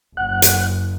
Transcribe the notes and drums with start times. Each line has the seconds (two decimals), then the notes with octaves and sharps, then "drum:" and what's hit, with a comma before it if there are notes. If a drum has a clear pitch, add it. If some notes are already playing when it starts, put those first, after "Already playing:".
0.17 F#1 F#2 F#5 F#6
0.42 drum: hi-hat